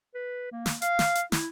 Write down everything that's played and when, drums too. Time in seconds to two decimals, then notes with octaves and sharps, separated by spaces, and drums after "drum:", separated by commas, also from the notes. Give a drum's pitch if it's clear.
0.14 B4
0.52 A#3
0.66 drum: snare
0.82 F5, drum: hi-hat
0.99 drum: snare
1.15 drum: hi-hat
1.32 E4, drum: snare